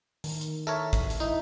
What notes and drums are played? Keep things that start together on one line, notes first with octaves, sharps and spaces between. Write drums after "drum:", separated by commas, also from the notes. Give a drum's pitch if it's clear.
D#3, drum: open hi-hat
drum: hi-hat
A4 A#4 C#5 E5
drum: kick, hi-hat
drum: hi-hat
D#4 E4 E5